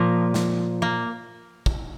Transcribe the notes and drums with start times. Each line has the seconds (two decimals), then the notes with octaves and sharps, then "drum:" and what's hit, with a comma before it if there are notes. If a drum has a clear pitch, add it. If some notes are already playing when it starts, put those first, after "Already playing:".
Already playing: A#2 F3 A#3
0.34 drum: snare
0.82 A#3
1.66 drum: kick